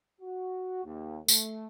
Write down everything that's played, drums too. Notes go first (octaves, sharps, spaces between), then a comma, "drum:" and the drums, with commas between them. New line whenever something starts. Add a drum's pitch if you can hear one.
F#4
D#2
A3, drum: tambourine